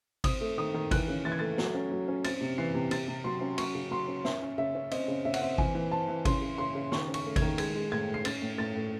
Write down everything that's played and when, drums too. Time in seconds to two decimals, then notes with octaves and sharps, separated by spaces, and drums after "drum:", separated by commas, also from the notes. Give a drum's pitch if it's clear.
0.24 C4 D#6, drum: kick G#1, cymbal
0.41 A3
0.58 D#3 D#6
0.74 D#3
0.91 E3 F#6, drum: kick G#1, cymbal
1.08 C#3
1.25 E3 A6
1.32 G#6
1.39 A3 A6
1.58 F#3, drum: snare
1.75 C#4
1.91 F#3
2.08 C#4
2.24 C4 A6, drum: cymbal
2.41 C3
2.58 E3 C7
2.74 C3
2.91 C3 A6, drum: cymbal
3.08 C3
3.24 F#3 C6
3.41 C#4
3.58 F#3 C#6, drum: cymbal
3.75 C#3
3.91 F#3 C6
4.08 C#4
4.25 C#4 E5, drum: snare
4.42 C#4
4.58 C#3 E5
4.75 C#4
4.91 C4 D#5, drum: cymbal
5.08 C#3
5.25 C#3 E5
5.34 F#5, drum: cymbal
5.41 C4 E5
5.58 E3 G#5, drum: kick G#1
5.75 E3
5.91 C4 A5
6.08 E3
6.25 C#3 C6, drum: kick G#1, cymbal
6.42 C#3
6.58 C#3 C6
6.75 C#3
6.92 D#3 C#6, drum: snare
7.08 C#4
7.14 C#6, drum: cymbal
7.25 A3
7.36 G#6, drum: kick G#1, cymbal
7.42 D#3
7.58 G#3 G#6, drum: cymbal
7.75 G#3
7.92 A2 G#6
8.08 A2
8.14 C7
8.25 C#4 A6, drum: cymbal
8.42 A2
8.58 A2 A6
8.76 A2